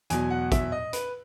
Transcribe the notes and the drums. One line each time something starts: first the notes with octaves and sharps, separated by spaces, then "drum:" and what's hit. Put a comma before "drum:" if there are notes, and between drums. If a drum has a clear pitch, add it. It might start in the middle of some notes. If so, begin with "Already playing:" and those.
E2 B2 F#3 G#5, drum: hi-hat
F#5
E5, drum: kick, hi-hat
D#5
B4, drum: hi-hat